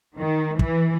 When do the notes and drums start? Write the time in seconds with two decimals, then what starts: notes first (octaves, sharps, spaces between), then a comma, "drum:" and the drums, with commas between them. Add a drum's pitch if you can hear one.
0.18 D#3
0.59 E3, drum: kick